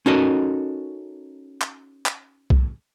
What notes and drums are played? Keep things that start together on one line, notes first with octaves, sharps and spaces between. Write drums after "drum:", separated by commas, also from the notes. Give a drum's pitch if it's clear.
C#4 D#4 F#4 A4 A#4 D#5
drum: clap
drum: clap
drum: kick